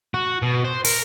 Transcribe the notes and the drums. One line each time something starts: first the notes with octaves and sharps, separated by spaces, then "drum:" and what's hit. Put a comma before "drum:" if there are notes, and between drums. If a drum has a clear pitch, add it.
F#4
B2
C5
A#4, drum: open hi-hat